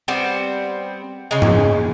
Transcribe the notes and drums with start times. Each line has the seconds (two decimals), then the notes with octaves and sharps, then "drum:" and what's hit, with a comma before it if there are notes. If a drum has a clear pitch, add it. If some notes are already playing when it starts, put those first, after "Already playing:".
0.08 G3 B3 C4
1.31 C#3 G#3
1.42 drum: tom G#2